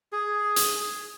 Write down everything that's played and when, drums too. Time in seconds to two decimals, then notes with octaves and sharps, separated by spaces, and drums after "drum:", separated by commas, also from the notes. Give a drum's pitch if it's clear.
0.12 G#4
0.56 drum: hi-hat